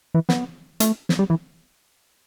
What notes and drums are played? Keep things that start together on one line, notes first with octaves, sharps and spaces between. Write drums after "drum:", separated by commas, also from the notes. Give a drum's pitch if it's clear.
E3
B3, drum: snare
A3, drum: hi-hat
drum: snare
G3
E3